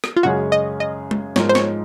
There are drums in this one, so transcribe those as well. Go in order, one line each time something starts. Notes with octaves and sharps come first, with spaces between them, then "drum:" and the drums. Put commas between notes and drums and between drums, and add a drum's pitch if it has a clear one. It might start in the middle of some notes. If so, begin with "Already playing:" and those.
drum: rim click
F4
F#2 C#3 G#3 C#4 F#4 G#4
D#5
D#5
drum: tom
G#2 F3 G#3 D#4 A#4 C#5, drum: snare
C5
C#5, drum: snare